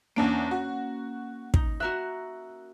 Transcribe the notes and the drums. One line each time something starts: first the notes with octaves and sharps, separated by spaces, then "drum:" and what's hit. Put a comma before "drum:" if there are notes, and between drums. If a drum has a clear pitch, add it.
E2 A#3 C#4 D4 D7
F#4
D#4, drum: kick
F#4 A#4 E5 F#6